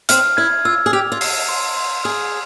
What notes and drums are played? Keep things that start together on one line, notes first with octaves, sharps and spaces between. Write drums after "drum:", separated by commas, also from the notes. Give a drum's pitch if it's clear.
C4 F6, drum: hi-hat
E4 G#6
F4 E6
G#4
G4 F7
F4
C7, drum: open hi-hat
C6
C6
G#4 F6